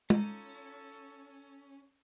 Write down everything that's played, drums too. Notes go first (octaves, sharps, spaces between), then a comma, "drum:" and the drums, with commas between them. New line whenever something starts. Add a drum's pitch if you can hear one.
C#4 D#4 F4 A4 C#5, drum: tom